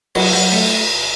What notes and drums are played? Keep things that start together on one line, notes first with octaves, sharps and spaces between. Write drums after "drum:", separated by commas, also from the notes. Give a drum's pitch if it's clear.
F#3 C#5, drum: cymbal
F#3
A3